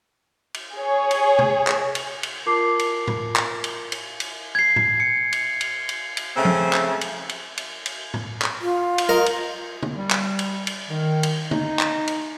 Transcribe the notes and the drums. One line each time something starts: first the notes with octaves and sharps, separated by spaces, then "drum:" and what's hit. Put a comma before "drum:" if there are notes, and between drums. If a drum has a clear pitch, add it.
drum: cymbal
G#4 C#5
drum: cymbal
drum: tom C3
drum: clap
drum: cymbal
drum: cymbal
F4 A#4 A5 D6 C7
drum: cymbal
drum: tom A2
drum: clap
drum: cymbal
drum: cymbal
drum: cymbal
G#6 C7
drum: tom A2
C#7
drum: cymbal
drum: cymbal
drum: cymbal
drum: cymbal
C#3 A3 C4
drum: tom F3
drum: clap
drum: cymbal
drum: cymbal
drum: cymbal
drum: cymbal
drum: tom A2
drum: clap
F4
drum: cymbal
A#4 D#5
drum: cymbal
drum: tom C#3
G3
drum: clap
drum: cymbal
drum: cymbal
D#3
drum: cymbal
D#4, drum: tom C#3
drum: clap
drum: cymbal